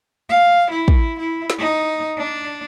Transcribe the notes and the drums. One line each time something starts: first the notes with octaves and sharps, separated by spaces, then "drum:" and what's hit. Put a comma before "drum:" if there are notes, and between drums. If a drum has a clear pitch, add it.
F5
E4
drum: kick
E4
drum: snare
D#4
D4